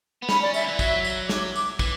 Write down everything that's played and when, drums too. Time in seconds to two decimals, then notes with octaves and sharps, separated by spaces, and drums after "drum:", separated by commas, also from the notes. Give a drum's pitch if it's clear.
0.22 B3
0.29 C#4 B5, drum: snare
0.41 D5
0.54 D3 E5, drum: tambourine
0.67 E3 E5
0.79 F#3 E5, drum: kick, tambourine
1.04 drum: tambourine
1.29 D6, drum: snare
1.56 D6, drum: tambourine
1.79 E3, drum: kick, tambourine